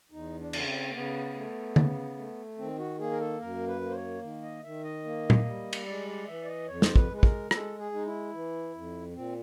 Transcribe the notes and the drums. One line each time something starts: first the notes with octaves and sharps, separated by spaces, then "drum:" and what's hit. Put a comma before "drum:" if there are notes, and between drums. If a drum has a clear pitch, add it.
E2 D#4
D4
C#3, drum: cymbal
C4
A#3
C#3 B3
A3
C#3, drum: tom D3
A3
D#3 C4
F#4
A#3 G#4
A#4
A4
F#2 A#4
B4
A#3
C5
C#5
D#3
D#5
D#3 E5
D#5
A#3
drum: tom A#2
G3
drum: cymbal
G#3 D5
D5
E3 E5
D5
D#5
F2 C#5
C5, drum: snare
B4, drum: kick
G#3
B4
A#4, drum: kick
G#3 A4, drum: rim click
G#4
G#3 D#4
E4
E3
F2
A#2 C4